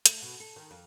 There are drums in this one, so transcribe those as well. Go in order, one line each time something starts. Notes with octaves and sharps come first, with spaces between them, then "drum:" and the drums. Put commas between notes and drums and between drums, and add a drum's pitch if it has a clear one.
A3, drum: hi-hat
B2
A4
D#3
F2